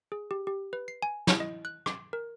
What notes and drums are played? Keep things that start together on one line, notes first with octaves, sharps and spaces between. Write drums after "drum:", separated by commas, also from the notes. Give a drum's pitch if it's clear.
G#4
G4
G4
B4
C7
G#5
E4, drum: snare
D#5
F#6
D6, drum: rim click
A#4